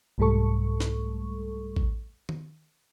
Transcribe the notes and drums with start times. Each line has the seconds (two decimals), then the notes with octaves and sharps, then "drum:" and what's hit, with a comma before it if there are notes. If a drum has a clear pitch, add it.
0.18 C2 G#2 G3 A3 A4 C#6
0.80 drum: snare
1.76 drum: kick A1
2.29 drum: tom D#3